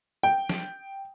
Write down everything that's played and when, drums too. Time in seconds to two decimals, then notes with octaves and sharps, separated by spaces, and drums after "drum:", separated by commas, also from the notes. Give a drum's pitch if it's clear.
0.23 G5
0.49 drum: snare